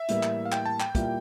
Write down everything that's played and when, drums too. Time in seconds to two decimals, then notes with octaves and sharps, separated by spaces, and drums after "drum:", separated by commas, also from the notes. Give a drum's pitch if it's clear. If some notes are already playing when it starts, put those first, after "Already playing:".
Already playing: E5
0.08 A2 E3 G3 A#3, drum: hi-hat
0.23 drum: clap
0.46 F5
0.52 G5, drum: clap
0.66 A5
0.80 G5, drum: clap
0.95 A#2 G3 A#3 E4, drum: kick, hi-hat